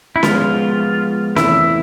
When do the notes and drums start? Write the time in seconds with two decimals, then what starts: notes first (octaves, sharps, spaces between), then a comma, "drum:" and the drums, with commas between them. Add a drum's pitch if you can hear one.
0.16 E4
0.23 F3 G#3 B3 F4, drum: snare C#4
1.36 E2 C3 E3 A3 E4, drum: snare C#4